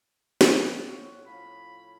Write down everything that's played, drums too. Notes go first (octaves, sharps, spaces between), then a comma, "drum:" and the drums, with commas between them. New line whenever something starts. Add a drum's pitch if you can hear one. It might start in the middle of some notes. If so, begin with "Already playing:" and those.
drum: snare
C4 C#4 F4
A2 C#5 F#5
F3 B5